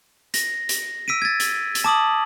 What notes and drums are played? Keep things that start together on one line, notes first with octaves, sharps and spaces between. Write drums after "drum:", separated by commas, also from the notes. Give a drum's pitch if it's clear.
A#6, drum: hi-hat
drum: hi-hat
E6 B6 D7 D#7
G#6 A6
drum: hi-hat
drum: hi-hat
A5 D6 D#6 F#7